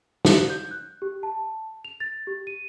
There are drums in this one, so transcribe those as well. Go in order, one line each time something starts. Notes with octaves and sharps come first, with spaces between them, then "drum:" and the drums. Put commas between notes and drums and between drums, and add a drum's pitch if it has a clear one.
C5, drum: snare
G6
F#6
G4
A5
F7
A6
G4
D#7